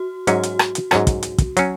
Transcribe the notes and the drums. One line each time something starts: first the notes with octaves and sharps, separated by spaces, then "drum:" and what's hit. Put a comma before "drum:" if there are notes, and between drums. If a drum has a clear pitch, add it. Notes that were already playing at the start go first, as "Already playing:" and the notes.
Already playing: F#4
G#2 F#3 C#4 F#4, drum: hi-hat
drum: hi-hat
drum: rim click
drum: hi-hat
G#2 F#3 C#4, drum: rim click
drum: kick, hi-hat
drum: hi-hat
drum: kick, hi-hat
F#3 C#4, drum: hi-hat